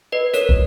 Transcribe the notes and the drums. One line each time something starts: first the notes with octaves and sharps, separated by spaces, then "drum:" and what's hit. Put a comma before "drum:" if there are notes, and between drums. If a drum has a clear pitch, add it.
B4 D#5
A#4 C#5, drum: hi-hat
drum: kick